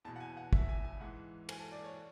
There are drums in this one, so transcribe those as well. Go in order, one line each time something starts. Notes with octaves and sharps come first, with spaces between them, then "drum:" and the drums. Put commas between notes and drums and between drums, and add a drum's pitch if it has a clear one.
E2 B2 A5
F#5
G#5
F#5
E5, drum: kick
G#5
G#5
G#2 E3 F#5
G#5, drum: cymbal
A5
D5
C#5